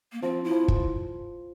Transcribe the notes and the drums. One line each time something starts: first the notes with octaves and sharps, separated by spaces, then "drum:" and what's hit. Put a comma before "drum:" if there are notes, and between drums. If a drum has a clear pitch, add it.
A#3
F3 C4
E4
F3
drum: kick